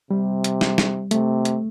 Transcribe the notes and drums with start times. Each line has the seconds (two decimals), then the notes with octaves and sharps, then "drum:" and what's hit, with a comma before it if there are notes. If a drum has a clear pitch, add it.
0.11 C3 G3
0.44 drum: hi-hat
0.61 drum: snare
0.78 drum: snare
1.11 C3 A3, drum: hi-hat
1.45 drum: hi-hat